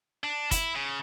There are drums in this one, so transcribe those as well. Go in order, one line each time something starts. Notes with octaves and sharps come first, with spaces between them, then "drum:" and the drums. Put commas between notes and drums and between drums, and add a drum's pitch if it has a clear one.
D4
E4, drum: kick, hi-hat
C#3